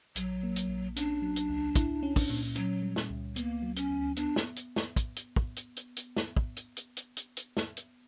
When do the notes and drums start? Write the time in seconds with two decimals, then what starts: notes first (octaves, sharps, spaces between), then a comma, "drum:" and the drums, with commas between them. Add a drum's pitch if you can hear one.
0.16 A#1 F#3, drum: hi-hat
0.43 A#3
0.56 drum: hi-hat
0.69 A#1
0.96 C#4 D4, drum: hi-hat
1.22 F#3
1.36 drum: hi-hat
1.49 C#2
1.76 E4, drum: kick, hi-hat
2.03 C#4
2.16 drum: kick, open hi-hat
2.30 A#2
2.56 F#3 C#4, drum: hi-hat
2.82 G3
2.96 drum: snare
3.10 C#2
3.36 A#3 B3, drum: hi-hat
3.62 F#3
3.76 C#4, drum: hi-hat
3.90 D2
4.16 B3 D4, drum: hi-hat
4.36 drum: snare
4.56 drum: hi-hat
4.76 drum: snare
4.96 drum: kick, hi-hat
5.16 drum: hi-hat
5.36 drum: kick
5.56 drum: hi-hat
5.76 drum: hi-hat
5.96 drum: hi-hat
6.17 drum: snare
6.37 drum: kick
6.57 drum: hi-hat
6.77 drum: hi-hat
6.97 drum: hi-hat
7.17 drum: hi-hat
7.37 drum: hi-hat
7.57 drum: snare
7.77 drum: hi-hat